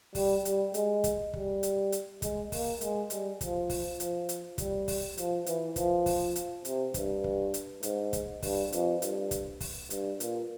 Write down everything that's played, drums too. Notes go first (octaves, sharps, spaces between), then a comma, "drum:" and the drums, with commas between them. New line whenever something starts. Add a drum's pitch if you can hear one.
G3, drum: kick, open hi-hat
G3, drum: hi-hat
G#3, drum: hi-hat
drum: kick, hi-hat
G3, drum: kick
drum: hi-hat
drum: hi-hat
G#3, drum: kick, hi-hat
A#3, drum: kick, open hi-hat
G#3, drum: hi-hat
G3, drum: hi-hat
F3, drum: kick, hi-hat
drum: kick, open hi-hat
F3, drum: hi-hat
drum: hi-hat
G3, drum: kick, hi-hat
drum: kick, open hi-hat
F3, drum: hi-hat
E3, drum: hi-hat
F3, drum: kick, hi-hat
drum: kick, open hi-hat
drum: hi-hat
C3, drum: hi-hat
G2, drum: kick, hi-hat
drum: kick
drum: hi-hat
G#2, drum: hi-hat
drum: kick, hi-hat
G2, drum: kick, open hi-hat
F2, drum: hi-hat
G2, drum: hi-hat
drum: kick, hi-hat
drum: kick, open hi-hat
G2, drum: hi-hat
A#2, drum: hi-hat